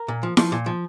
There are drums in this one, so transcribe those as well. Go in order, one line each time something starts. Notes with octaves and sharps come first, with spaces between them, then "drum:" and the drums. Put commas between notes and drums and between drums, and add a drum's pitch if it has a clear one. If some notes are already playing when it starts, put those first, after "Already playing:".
Already playing: A#4
A#2
F3
F3, drum: snare E4
A#2
F3